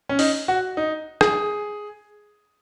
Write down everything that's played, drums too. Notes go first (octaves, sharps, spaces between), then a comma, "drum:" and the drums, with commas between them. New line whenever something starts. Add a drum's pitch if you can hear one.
C#4
D#4, drum: open hi-hat
F#4
D#4
G#4, drum: rim click